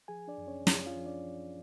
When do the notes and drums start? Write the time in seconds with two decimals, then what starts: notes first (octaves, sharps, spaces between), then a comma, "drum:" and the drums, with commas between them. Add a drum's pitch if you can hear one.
0.08 F3 G#4 G#5
0.28 D4 D5
0.38 F#2
0.47 C#4 C#5
0.67 F#2 C#4 C#5, drum: snare
0.86 F4 F5
0.96 F3
1.05 D4 D5
1.25 F3